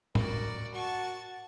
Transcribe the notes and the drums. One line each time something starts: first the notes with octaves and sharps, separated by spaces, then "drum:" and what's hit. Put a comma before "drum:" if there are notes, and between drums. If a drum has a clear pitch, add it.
F#4 A#4 D5, drum: tom A2
F#4 A5 C#6